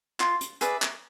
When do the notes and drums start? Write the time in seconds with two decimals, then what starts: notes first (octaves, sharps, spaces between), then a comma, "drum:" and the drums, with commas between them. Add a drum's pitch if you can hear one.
0.20 F4, drum: clap
0.41 drum: hi-hat
0.61 G#4 B4 D5 E5, drum: hi-hat
0.82 drum: clap